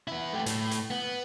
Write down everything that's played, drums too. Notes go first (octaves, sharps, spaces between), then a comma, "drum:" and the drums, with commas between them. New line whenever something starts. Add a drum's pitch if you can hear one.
B3 E4
A3 G4
A2, drum: hi-hat
drum: hi-hat
B3